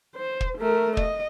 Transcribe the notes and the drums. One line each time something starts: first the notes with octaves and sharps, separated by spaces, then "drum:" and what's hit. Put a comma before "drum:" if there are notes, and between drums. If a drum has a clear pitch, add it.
C5
drum: kick
A3 A#4
D#5, drum: kick